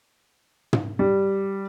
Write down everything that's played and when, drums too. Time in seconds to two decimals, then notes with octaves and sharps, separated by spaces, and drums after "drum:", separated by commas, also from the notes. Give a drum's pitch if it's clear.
0.73 drum: tom
0.99 G3